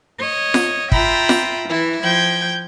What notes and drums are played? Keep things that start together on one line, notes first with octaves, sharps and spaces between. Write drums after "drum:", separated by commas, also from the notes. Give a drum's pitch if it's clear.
C#5 D#5
drum: snare F4
F4 E5 G5 A#5 B5, drum: kick
drum: snare F4
E3 E4
F3 G5 G6 G#6